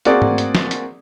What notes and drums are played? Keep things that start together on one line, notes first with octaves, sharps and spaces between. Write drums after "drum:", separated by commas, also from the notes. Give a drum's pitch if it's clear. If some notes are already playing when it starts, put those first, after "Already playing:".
A#3 C4 F#4 G#4 D5 F#5, drum: hi-hat
drum: tom
drum: hi-hat
drum: snare
drum: hi-hat